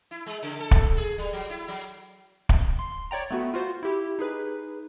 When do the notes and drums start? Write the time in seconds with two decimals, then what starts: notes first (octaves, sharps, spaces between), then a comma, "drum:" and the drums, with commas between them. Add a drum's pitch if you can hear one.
0.11 E4
0.26 G#3
0.43 C#3
0.60 A4
0.71 drum: kick
0.97 G#4
1.18 G3
1.33 F#3
1.50 E4
1.68 F#3
2.49 drum: kick
2.79 C6
3.11 C#5 D5 G5 A#5
3.31 A3 B3 F#4
3.54 F4 F#4 C5
3.83 E4 G4
4.19 D#4 G#4 B4